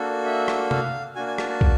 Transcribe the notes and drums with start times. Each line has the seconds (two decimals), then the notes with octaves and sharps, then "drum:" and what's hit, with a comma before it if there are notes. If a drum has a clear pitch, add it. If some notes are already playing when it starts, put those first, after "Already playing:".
Already playing: A#3 D4 F#4 A4
0.25 E5
0.48 drum: rim click
0.71 F5, drum: tom C3
1.15 A#3 D4 F#4 G#5
1.27 G#5
1.38 A5, drum: rim click
1.50 A5
1.61 drum: kick